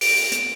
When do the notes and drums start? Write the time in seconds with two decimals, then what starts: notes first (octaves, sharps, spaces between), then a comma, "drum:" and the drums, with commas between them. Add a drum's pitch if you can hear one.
0.01 D7, drum: open hi-hat
0.32 drum: hi-hat